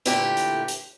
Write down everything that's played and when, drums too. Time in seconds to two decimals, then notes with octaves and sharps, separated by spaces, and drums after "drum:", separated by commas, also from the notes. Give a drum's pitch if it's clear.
0.06 A#2 D3 E3 A3 G4, drum: hi-hat
0.37 drum: hi-hat
0.68 drum: hi-hat